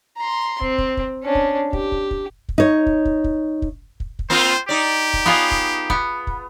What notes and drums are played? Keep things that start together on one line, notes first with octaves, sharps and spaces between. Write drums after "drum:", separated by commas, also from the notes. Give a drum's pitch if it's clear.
A#5 C6
C4, drum: kick
drum: kick
drum: kick
C#4 D4
drum: kick
G4, drum: kick
drum: kick
drum: kick
drum: kick
D#4 C#5
drum: kick
drum: kick
drum: kick
drum: kick
drum: kick
drum: kick
A#3 C4 F4 C5
D#4 G4 D5
drum: kick
B3 F4 G#4
drum: kick
B3, drum: kick
drum: kick